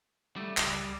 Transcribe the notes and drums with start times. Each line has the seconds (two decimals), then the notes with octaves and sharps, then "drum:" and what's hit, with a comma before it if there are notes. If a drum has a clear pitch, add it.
0.36 G3 A3
0.57 C#2 A#2 G3, drum: clap
0.73 G3